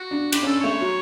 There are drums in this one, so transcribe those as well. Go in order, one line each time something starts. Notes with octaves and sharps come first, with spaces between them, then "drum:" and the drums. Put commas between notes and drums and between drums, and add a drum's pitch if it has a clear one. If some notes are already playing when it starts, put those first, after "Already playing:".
Already playing: F#4
D4
D4 G4, drum: cymbal
C#4
A4
A3 C#5
F#3